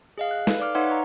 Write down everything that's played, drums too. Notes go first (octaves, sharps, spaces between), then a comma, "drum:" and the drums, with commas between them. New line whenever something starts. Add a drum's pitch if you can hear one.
G#4 D#5 F5
F#6
A4 B4, drum: snare
D#4 D5 F5 D6 F6
D#4 B4 C#5 E5 F#5 C6
A#5 C#6